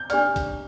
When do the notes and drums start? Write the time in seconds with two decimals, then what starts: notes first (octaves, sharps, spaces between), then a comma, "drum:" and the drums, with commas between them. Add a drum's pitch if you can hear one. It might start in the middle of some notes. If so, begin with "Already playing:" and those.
Already playing: G6
0.10 D4 G4 D5 F6, drum: hi-hat
0.36 drum: kick, hi-hat